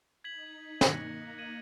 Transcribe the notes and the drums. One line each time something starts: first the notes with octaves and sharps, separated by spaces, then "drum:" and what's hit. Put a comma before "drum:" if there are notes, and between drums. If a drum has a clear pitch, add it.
D#4 G#6 B6 F#7
A#3 F#6 A#6 C#7 F#7, drum: snare
G#6 D#7 F#7